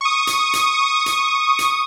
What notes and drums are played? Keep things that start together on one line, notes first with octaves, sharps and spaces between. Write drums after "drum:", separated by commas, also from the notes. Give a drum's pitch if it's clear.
C#6 D#6
drum: hi-hat
drum: hi-hat
drum: hi-hat
drum: hi-hat